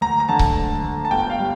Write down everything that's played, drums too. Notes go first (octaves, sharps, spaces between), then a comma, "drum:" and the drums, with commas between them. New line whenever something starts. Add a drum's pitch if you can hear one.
D2 A#5
A#5
D3 A5
drum: kick C#1
D2
D2
A5
G1 G5
F5
G3